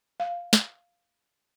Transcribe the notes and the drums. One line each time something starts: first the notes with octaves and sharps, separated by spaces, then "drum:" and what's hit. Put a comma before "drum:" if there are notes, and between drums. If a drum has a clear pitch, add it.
F5
drum: snare